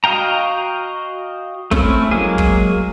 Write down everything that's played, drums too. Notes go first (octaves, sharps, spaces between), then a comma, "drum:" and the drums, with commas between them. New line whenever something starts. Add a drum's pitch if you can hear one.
F#4 D#5 F5 G5 A#5
A3 C4 C#4 E4, drum: kick
F#3 G#3 A#3 G#4
drum: kick